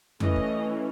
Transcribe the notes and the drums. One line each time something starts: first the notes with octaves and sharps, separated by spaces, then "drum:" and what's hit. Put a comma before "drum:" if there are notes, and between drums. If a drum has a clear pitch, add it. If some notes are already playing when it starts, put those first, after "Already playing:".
E3 A3 C#4 D#5, drum: tom F2
drum: kick